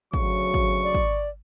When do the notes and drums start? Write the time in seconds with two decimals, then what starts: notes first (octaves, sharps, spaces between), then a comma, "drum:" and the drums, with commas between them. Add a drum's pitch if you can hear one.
0.14 D2 C#3 F#3 C#6, drum: kick
0.54 drum: kick
0.84 D5
0.94 drum: kick